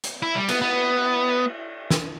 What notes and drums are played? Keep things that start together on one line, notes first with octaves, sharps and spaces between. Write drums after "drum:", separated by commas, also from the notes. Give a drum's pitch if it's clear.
drum: hi-hat
E4
G3
B3, drum: cymbal
B3
drum: snare